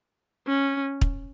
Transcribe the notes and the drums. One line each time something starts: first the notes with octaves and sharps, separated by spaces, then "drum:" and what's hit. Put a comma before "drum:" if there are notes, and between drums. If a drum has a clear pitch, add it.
C#4
drum: kick